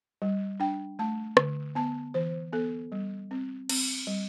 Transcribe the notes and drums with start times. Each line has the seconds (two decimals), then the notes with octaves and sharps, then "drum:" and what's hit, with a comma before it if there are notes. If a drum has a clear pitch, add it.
0.22 G3
0.60 D4 G5
0.99 A3 A5
1.37 D3, drum: rim click
1.75 B3 A5
2.14 E3 C5
2.53 B3 A4
2.92 G3
3.31 C4
3.69 C4, drum: cymbal
4.07 G3